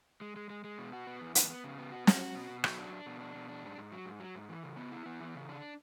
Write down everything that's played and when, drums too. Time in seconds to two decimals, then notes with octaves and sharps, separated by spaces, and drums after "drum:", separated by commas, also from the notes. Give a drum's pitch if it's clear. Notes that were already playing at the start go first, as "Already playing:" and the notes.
0.21 G#3
0.36 G#3
0.50 G#3
0.64 G#3
0.78 B2
0.93 F#4
1.07 B3
1.21 E2
1.35 B3, drum: hi-hat
1.50 B3
1.64 C#3
1.78 B3
1.92 F#4
2.07 F#4, drum: snare
2.21 F#4
2.35 B2
2.50 B2
2.64 F#3, drum: rim click
2.79 D4
2.92 D4
3.06 B2
3.21 D4
3.35 B2
3.49 D4
3.63 G#2
3.78 G#2
3.92 F#3
4.06 G#2
4.20 F#3
4.35 G#2
4.49 E3
4.63 C#3
4.77 B3
4.91 E4
5.06 B3
5.20 E3
5.35 C#3
5.49 D4